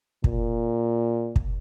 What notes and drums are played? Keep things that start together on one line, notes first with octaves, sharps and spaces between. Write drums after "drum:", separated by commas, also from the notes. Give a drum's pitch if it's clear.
A#2, drum: kick
drum: kick